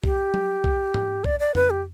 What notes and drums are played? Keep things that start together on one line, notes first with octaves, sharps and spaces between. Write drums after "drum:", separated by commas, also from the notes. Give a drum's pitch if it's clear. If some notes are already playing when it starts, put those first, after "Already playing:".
G4, drum: kick B1
drum: tom F#3
drum: kick B1
drum: tom G#2
D5, drum: kick B1
D5
B4, drum: tom F2
G4